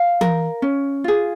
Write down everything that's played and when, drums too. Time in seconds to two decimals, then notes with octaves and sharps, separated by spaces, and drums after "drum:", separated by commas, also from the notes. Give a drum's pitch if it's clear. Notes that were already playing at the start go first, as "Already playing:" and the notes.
Already playing: F5
0.21 A#4, drum: tom E3
0.62 C#4
1.04 F4 G#4